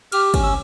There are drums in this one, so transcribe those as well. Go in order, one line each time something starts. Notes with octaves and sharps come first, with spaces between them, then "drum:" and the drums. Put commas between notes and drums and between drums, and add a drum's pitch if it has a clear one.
G4 F6, drum: cymbal
C#4, drum: kick, cymbal
E6